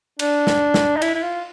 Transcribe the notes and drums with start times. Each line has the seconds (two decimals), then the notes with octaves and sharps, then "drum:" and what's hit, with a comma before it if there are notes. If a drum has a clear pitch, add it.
0.19 D4, drum: cymbal
0.47 drum: snare
0.74 drum: snare
0.96 D#4
1.02 E4, drum: cymbal
1.15 E4
1.22 F4